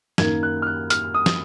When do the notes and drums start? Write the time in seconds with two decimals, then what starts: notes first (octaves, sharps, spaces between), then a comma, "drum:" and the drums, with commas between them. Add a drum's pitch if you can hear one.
0.18 F#2 D#3 A#3 D#4 G#6, drum: snare
0.43 F#6
0.62 F6
0.67 F#6
0.90 F6, drum: hi-hat
1.14 D#6
1.26 drum: snare